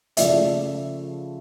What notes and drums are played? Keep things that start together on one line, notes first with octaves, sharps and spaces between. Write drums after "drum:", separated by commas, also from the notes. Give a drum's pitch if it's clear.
C#3 F3 A3 D5 E5, drum: hi-hat